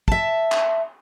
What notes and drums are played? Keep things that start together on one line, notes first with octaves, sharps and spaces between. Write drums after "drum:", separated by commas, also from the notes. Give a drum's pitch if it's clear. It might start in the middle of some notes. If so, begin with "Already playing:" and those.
E5 A5, drum: kick
drum: clap